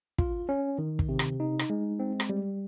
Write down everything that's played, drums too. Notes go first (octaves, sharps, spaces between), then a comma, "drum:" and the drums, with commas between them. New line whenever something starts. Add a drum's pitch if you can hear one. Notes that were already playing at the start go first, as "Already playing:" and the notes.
F4, drum: kick
C#4
D#3
drum: kick
C3
drum: rim click
D#4
drum: rim click
G#3
C4
drum: rim click
G3